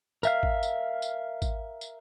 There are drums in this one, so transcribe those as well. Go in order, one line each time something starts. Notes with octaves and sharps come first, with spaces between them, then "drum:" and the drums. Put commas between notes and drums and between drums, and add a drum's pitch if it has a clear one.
A#4 E5 F5, drum: tambourine
drum: kick G#1
drum: tambourine
drum: tambourine
drum: kick G#1, tambourine
drum: tambourine